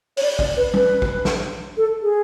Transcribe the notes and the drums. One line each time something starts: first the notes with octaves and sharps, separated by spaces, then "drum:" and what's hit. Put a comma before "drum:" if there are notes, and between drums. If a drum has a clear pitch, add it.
C#5, drum: open hi-hat
D5
D5, drum: kick
B4
B4, drum: tom
drum: kick
drum: snare
A4
G#4